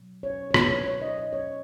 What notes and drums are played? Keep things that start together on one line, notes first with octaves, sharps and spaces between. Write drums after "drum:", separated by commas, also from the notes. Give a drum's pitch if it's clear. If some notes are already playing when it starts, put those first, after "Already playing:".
Already playing: B2 F#3
C#5
C#5
B2 F#3 B4, drum: rim click
C#5
C#5
D#5
D#5
C#5